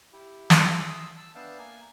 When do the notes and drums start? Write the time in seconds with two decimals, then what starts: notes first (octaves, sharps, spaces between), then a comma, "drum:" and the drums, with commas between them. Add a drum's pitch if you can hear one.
0.13 E4 G4
0.50 E4 F4 G#4 E5, drum: snare
0.78 C6 D#6 E6
1.17 A5 E6
1.35 B3 D4 E5 F5 G5 A5
1.58 A#3 G#5